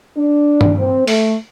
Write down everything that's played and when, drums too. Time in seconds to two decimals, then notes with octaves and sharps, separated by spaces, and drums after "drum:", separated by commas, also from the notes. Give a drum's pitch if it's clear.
0.17 D4
0.61 drum: tom
0.78 C4
1.07 A3, drum: open hi-hat